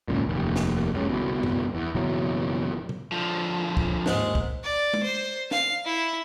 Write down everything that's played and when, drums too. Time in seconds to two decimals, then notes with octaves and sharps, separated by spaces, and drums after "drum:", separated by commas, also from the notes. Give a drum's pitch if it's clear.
0.08 G#1 C#2 F#2 A#2
0.27 F1 D#2
0.56 drum: snare
0.94 F#1 C#2 C#3
1.09 G1 C2 B2
1.43 drum: tom F#2
1.74 E2
1.95 F#1 B2 E3 F#3
2.89 drum: tom B2
3.12 D3 F3
3.77 drum: kick
4.06 D#2 G#2 G#3, drum: snare
4.35 drum: kick
4.64 D5
4.94 drum: tom G#3
5.03 C5
5.51 F5, drum: snare
5.85 E4